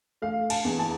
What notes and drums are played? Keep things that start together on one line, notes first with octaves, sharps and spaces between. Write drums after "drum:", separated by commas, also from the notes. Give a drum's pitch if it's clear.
A3 F5
A5, drum: cymbal
E2
A5